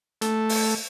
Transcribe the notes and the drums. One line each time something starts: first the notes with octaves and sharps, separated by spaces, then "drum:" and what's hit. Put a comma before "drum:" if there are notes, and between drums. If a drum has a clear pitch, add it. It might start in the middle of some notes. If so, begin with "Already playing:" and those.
A3, drum: hi-hat
drum: open hi-hat